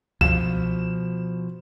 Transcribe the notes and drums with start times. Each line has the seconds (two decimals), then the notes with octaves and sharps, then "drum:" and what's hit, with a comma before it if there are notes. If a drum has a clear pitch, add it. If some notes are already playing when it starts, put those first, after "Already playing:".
0.21 B2 F3 E7, drum: kick C#2